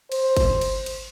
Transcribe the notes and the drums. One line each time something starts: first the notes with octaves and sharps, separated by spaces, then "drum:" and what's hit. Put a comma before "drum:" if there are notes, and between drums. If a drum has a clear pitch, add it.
C5, drum: cymbal
drum: kick G#1, cymbal
drum: cymbal
drum: cymbal